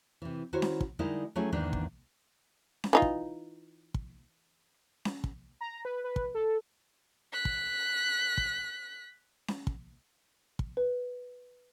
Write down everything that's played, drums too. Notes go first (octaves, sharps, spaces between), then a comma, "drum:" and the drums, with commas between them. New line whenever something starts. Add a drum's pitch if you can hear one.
C3 E3
D#3 E4 F#4 C5 C#5 F#5
drum: snare C#4
drum: kick
D3 G3 G#3 D#4 E4 A#4
F#3 A3 C#4 E4 G4 G#4
E2 G#2 D#3 A#3 B3 D4
drum: kick
drum: snare C#4
E3 D#4 F4
drum: kick
drum: kick
drum: snare C#4
drum: kick
A#5
B4
B4
drum: kick
A4
F#6 B6
drum: kick
drum: kick
drum: snare C#4
drum: kick
drum: kick
B4